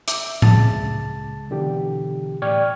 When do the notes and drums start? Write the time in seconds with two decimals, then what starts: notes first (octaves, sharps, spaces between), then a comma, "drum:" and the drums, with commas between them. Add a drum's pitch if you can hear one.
0.08 E5 D6, drum: hi-hat
0.42 C#2 C#3 G#3 A5 A6, drum: tom A2
1.50 B2 D3 E3 G4
2.42 A2 D5 G5 C#6 F6 G#6